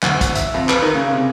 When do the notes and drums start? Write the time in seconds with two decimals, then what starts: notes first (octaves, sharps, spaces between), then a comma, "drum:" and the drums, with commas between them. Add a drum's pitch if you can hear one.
0.03 D2, drum: clap
0.21 drum: kick, hi-hat
0.35 E5, drum: hi-hat
0.54 F2
0.69 B4, drum: clap
0.82 D#3
0.95 C#3
1.11 C3